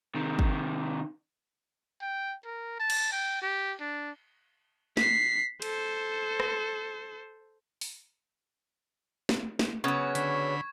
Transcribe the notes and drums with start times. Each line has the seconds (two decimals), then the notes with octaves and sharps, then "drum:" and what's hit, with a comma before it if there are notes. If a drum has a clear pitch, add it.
0.15 C3 D#3
0.39 drum: kick
2.01 G5
2.45 A#4
2.80 A5
2.90 drum: cymbal
3.12 G5
3.42 G4
3.81 D4
4.97 B6 C7, drum: snare
5.62 A4 C5, drum: cymbal
6.40 drum: rim click
7.81 drum: open hi-hat
9.29 drum: snare
9.59 drum: snare
9.84 C#3 F#3 B3 C#4 C#6 G#6
10.15 D3 B5, drum: hi-hat